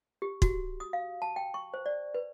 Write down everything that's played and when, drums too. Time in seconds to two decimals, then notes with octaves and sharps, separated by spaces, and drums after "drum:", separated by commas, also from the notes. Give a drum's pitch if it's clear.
0.22 G4
0.42 F#4, drum: kick
0.80 D#6
0.93 F5
1.22 A5
1.36 G5
1.54 C#6
1.74 C5
1.86 D5
2.14 B4